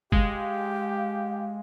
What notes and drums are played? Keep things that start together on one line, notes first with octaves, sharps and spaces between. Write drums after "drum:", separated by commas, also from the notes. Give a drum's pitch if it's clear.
G#3 G4 F5, drum: kick